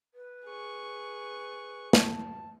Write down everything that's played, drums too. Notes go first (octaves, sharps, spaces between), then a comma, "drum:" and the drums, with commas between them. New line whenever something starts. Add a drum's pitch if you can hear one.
B4
G#4 C#6
A5, drum: snare